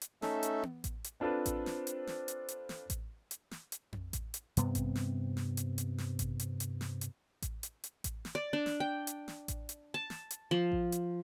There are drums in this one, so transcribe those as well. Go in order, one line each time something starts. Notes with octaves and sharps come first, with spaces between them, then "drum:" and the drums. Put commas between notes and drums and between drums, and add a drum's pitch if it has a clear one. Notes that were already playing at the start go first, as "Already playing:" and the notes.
drum: hi-hat
A3 C#4 D#4 A4 E5, drum: snare
drum: hi-hat
drum: tom B3
drum: kick A1, hi-hat
drum: hi-hat
C4 D4 F4 A4 B4
drum: kick A1, hi-hat
drum: snare
drum: hi-hat
drum: snare
drum: hi-hat
drum: hi-hat
drum: snare
drum: kick A1, hi-hat
drum: hi-hat
drum: snare
drum: hi-hat
drum: tom F2
drum: kick A1, hi-hat
drum: hi-hat
G2 C3 B3 C4, drum: hi-hat
drum: kick A1, hi-hat
drum: snare
drum: snare
drum: hi-hat
drum: hi-hat
drum: snare
drum: kick A1, hi-hat
drum: hi-hat
drum: hi-hat
drum: snare
drum: hi-hat
drum: kick A1, hi-hat
drum: hi-hat
drum: hi-hat
drum: kick A1, hi-hat
drum: snare
D5
D4
drum: snare
G5
drum: hi-hat
drum: snare
drum: kick A1, hi-hat
drum: hi-hat
A5
drum: snare
drum: hi-hat
F3
drum: kick A1
drum: hi-hat